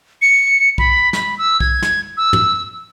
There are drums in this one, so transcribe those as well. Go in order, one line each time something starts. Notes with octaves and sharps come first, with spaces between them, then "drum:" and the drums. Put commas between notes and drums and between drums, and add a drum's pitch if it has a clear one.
C#7
B5, drum: kick
B5, drum: snare
E6
G#6, drum: kick
drum: snare
E6
drum: tom